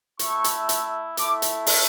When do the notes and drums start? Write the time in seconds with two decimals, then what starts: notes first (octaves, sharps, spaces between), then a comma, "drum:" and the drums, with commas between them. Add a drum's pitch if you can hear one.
0.19 A3 E4 C#6, drum: hi-hat
0.44 drum: hi-hat
0.69 drum: hi-hat
1.17 A3 E4 D6, drum: hi-hat
1.42 drum: hi-hat
1.66 drum: open hi-hat